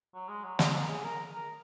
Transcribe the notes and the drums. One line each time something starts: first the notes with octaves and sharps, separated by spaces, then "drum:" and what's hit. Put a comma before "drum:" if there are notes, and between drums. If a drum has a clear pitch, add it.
F#3
G#3
F#3
G#3, drum: snare
A#3
G#4
A#4
A#4